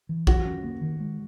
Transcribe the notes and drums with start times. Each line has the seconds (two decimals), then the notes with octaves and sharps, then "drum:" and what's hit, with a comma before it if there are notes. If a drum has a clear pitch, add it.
0.09 E3
0.27 F#3 F#4, drum: kick A#1
0.45 C#4
0.64 A#3
0.81 D#3
1.00 G#3